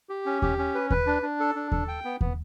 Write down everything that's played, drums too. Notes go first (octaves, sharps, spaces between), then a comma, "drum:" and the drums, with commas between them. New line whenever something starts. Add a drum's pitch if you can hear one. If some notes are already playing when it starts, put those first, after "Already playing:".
G4
C#4
G4, drum: kick D#2
C#4
B4
B4, drum: kick D#2
D4
D4
A4
D4
A4, drum: kick D#2
G5
B3
B3, drum: kick D#2